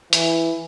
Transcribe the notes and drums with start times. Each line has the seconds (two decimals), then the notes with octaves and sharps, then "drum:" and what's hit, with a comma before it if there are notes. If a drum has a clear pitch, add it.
0.13 E3, drum: hi-hat